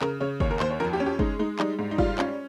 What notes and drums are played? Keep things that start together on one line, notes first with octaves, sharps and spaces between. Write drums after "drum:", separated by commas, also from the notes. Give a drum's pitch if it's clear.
C#3 A#4, drum: clap
C#3 C#5
D#2 C#5, drum: kick
A#4
D#2 C5, drum: clap
C#5
F2 A#4
G4
C#4
G4
G#3 D#4, drum: kick
G#3 D#4
G3 D#4, drum: clap
G#2
D#4
G3 F4, drum: kick
C#4, drum: clap